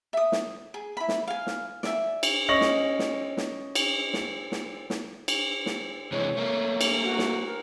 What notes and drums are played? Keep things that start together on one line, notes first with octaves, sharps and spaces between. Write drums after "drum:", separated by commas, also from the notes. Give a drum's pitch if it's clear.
E5 D#6
drum: snare
G#4
E4 B5
drum: snare
F5 G#5
drum: snare
D5 E5 G#5, drum: snare
drum: cymbal
C#4 D#5 C#6 A#6 F#7
drum: snare
drum: snare
drum: snare
drum: cymbal
drum: snare
drum: snare
drum: snare
drum: cymbal
drum: snare
C3 E3 G#3 C#5
A3 A#3
drum: cymbal
F#4
drum: snare
A#4